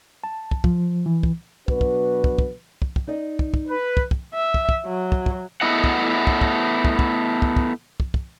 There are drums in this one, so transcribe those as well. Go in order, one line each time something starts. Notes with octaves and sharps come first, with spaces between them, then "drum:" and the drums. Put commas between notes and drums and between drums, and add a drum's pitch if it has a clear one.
A5
drum: kick
F3, drum: kick
E3
drum: kick
B2 F#3 D4 F#4 B4, drum: kick
drum: kick
drum: kick
drum: kick
drum: kick
drum: kick
D#4 D5 D#5
drum: kick
drum: kick
B4
drum: kick
drum: kick
E5
drum: kick
drum: kick
F#3
drum: kick
drum: kick
A3 B3 E4 D#5 F#5
drum: kick
drum: kick
drum: kick
drum: kick
drum: kick
drum: kick
drum: kick
drum: kick
drum: kick